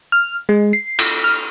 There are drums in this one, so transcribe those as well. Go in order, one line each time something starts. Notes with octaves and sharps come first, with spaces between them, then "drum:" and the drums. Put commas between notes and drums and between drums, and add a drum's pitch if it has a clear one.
F6
G#3
C7
drum: cymbal
F6